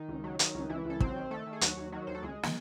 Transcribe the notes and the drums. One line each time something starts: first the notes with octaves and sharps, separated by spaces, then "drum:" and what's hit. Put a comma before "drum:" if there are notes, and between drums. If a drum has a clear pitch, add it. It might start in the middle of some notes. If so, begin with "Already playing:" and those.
Already playing: D#3 D#4
C#2
F#3
D#3 F#3 D#4, drum: hi-hat
C#2
C#2 E3 E4
C#2 A4
F#3 C4 C5, drum: kick
D#3
D#3 A3 A4
D#3
G#4
D#2 F#3 F#4, drum: hi-hat
D#2
D#3 F#3 F#4
D#2 C5
A4
C#2 G#3 G#4
drum: snare